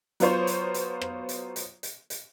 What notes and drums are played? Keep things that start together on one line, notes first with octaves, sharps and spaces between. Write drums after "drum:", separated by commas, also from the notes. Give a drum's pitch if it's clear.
F#3 B3 F4 C5 C#5, drum: hi-hat
drum: hi-hat
drum: hi-hat
drum: rim click
drum: hi-hat
drum: hi-hat
drum: hi-hat
drum: hi-hat